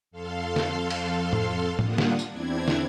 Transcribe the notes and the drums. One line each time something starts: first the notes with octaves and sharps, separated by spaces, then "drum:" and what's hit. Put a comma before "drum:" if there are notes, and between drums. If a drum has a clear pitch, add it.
F2 A4 F5 C6
drum: snare
drum: cymbal
drum: tom A2
G3 A#3 D4 F4 F#5 D#6, drum: tom A2
drum: snare
drum: tambourine
E2 C4 D4 E4 G#6
drum: snare